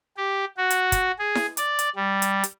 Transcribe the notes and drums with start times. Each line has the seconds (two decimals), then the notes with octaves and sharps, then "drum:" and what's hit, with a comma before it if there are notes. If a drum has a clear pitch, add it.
0.17 G4
0.57 F#4
0.70 drum: hi-hat
0.92 drum: kick, hi-hat
1.19 G#4
1.35 drum: snare E4
1.57 D5, drum: hi-hat
1.79 drum: hi-hat
1.96 G3
2.22 drum: hi-hat
2.44 drum: hi-hat